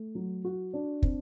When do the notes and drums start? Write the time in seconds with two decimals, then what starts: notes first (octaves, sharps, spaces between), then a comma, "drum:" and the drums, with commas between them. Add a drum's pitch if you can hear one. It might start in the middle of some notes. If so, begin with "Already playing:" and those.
Already playing: A3
0.15 F#3
0.44 F#4
0.73 D4
1.02 C4, drum: kick